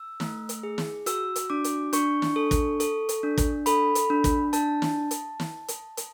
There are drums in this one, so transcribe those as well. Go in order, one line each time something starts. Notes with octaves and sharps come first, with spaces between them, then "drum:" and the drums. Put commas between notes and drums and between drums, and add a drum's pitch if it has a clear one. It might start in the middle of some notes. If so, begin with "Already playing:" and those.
Already playing: E6
A3, drum: snare
drum: hi-hat
G#4
drum: snare
F#4 E6, drum: hi-hat
drum: hi-hat
D4 D6
drum: hi-hat
D4 C#6, drum: hi-hat
drum: snare
A4
drum: kick, hi-hat
A4, drum: hi-hat
drum: hi-hat
D4
drum: kick, hi-hat
A4 B5, drum: hi-hat
drum: hi-hat
D4
drum: kick, hi-hat
D4 A5, drum: hi-hat
drum: snare
drum: hi-hat
drum: snare
drum: hi-hat
drum: hi-hat